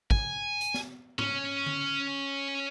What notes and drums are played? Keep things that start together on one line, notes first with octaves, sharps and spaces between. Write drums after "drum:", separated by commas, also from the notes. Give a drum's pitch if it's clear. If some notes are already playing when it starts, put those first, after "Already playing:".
G#5, drum: kick
drum: hi-hat
drum: snare
C#4, drum: tom G#2
drum: tom D3